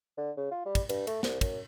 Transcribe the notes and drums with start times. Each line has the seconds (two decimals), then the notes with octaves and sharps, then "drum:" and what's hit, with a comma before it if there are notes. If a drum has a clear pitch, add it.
0.18 D3
0.37 C#3
0.51 F4
0.66 G3
0.75 drum: kick, cymbal
0.89 G2, drum: cymbal
1.07 A3, drum: cymbal
1.23 C2, drum: snare
1.41 F#2, drum: kick, cymbal